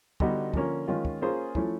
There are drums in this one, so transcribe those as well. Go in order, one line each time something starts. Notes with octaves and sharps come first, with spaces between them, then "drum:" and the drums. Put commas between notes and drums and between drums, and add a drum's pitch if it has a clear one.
D3 G3 B3 D#4 F#4, drum: kick
D3 F3 A#3 C#4, drum: kick
D#3 G#3 C#4 F4
drum: kick
A#3 C#4 F4 G#4 C5
F3 A3 C#4 E4, drum: kick